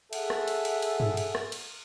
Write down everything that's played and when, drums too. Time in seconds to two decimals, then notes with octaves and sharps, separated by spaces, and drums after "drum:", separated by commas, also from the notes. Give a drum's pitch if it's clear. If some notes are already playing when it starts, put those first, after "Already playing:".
0.13 G#4 A4 E5 F#5, drum: cymbal
0.30 drum: rim click
0.48 drum: cymbal
0.65 drum: cymbal
0.82 drum: cymbal
1.00 drum: tom G2
1.17 drum: cymbal
1.35 drum: rim click
1.52 drum: cymbal